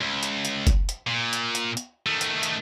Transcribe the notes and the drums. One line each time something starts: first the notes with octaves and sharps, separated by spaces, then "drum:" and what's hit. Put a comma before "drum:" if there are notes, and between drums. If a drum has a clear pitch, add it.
C#2
drum: hi-hat
drum: hi-hat
drum: kick, hi-hat
drum: hi-hat
A#2
drum: hi-hat
drum: hi-hat
drum: hi-hat
D#3 A3
drum: hi-hat
drum: hi-hat